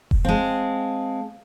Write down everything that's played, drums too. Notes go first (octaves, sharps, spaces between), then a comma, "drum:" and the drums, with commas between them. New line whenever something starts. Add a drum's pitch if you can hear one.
drum: kick E1
G#3 C4 F5 A5